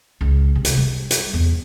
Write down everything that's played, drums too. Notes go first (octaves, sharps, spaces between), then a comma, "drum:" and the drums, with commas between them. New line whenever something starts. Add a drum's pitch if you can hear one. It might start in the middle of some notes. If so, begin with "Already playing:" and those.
C#2
C3
drum: hi-hat
G3
drum: hi-hat
E2